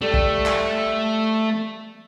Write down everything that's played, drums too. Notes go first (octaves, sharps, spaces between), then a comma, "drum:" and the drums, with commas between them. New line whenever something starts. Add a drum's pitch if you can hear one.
G3 A3
drum: kick
drum: clap